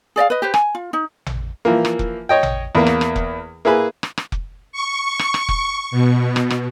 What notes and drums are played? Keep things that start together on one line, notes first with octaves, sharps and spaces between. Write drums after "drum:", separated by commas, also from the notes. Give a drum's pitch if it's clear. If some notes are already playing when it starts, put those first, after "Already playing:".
G#4 D5 D#5 F5
B4 D#5
G4 B4 C5
G#5, drum: rim click
F4
D#4
drum: tom A1
E3 F3 A#3
drum: rim click
drum: kick F1
C#5 D#5 G5
drum: tom A1
E2 A#3
drum: rim click
drum: rim click
drum: kick F1
A#3 E4 G#4 B4
drum: rim click
drum: rim click
drum: kick F1
C#6
drum: rim click
drum: rim click
drum: kick F1
B2
drum: rim click
drum: rim click